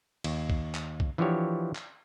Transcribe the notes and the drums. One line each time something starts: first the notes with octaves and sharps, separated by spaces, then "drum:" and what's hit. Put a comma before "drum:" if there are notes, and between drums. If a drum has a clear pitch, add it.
D#2, drum: cymbal
drum: kick
drum: clap
drum: kick
E3 F3 D4 F#4 G4 C#5
drum: clap